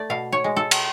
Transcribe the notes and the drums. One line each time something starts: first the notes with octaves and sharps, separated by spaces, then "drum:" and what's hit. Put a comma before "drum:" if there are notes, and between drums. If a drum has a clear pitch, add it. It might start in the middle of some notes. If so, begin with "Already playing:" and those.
Already playing: A3 D5
B2 F5
C#5
G#3
A4
drum: cymbal